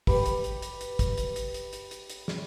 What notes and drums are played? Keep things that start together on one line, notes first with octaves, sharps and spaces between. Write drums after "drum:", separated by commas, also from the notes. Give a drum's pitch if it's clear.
G4 B4, drum: kick, open hi-hat
drum: hi-hat
drum: hi-hat
drum: hi-hat
drum: hi-hat
drum: kick, hi-hat
drum: hi-hat
drum: hi-hat
drum: hi-hat
drum: hi-hat
drum: hi-hat
drum: hi-hat
drum: snare